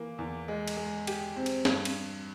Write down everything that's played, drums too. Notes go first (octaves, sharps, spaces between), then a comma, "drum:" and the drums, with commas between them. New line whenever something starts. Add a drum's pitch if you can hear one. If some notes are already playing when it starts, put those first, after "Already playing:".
Already playing: E3 A#3
E2
G#3
drum: cymbal
G#3
G4, drum: cymbal
C4
drum: cymbal
G2, drum: snare
drum: cymbal